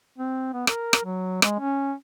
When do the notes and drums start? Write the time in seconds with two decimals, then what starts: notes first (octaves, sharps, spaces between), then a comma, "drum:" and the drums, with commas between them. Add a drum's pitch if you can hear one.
0.18 C4
0.53 B3
0.67 A#4, drum: rim click
0.93 drum: rim click
1.04 F#3
1.42 G#3, drum: rim click
1.59 C#4